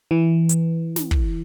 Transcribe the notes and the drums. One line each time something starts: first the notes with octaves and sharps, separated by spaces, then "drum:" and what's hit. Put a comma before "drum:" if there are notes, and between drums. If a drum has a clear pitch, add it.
E3
drum: hi-hat
drum: snare
drum: kick